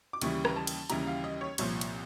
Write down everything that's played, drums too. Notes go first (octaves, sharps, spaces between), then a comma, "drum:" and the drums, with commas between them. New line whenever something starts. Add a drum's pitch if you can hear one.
D6
D#2 C#3 E3 G3 C#6, drum: cymbal
A#5, drum: rim click
A5
drum: cymbal
D#2 C#3 E3 G3 A#5, drum: cymbal
F5
D#5
C#5
C2 A#2 F3 C#5, drum: cymbal
drum: cymbal